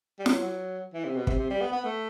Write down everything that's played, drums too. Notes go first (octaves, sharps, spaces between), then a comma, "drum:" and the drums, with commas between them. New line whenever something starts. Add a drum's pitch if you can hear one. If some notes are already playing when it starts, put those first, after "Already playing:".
G3
F#3, drum: snare
F#3
E3
C3
B2
C3, drum: kick
C3
G3
B3
B3
A3